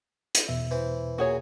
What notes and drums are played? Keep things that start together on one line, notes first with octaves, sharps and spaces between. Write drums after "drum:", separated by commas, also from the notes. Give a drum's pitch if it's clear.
drum: hi-hat
E2 B2 E5
E3 C5
A#2 F#4 G#4 C#5